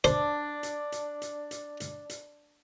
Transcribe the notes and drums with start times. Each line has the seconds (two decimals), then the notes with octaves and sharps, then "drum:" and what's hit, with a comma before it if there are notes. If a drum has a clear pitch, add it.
0.04 D4 C5, drum: hi-hat
0.63 drum: hi-hat
0.92 drum: hi-hat
1.22 drum: hi-hat
1.51 drum: hi-hat
1.80 drum: hi-hat
2.09 drum: hi-hat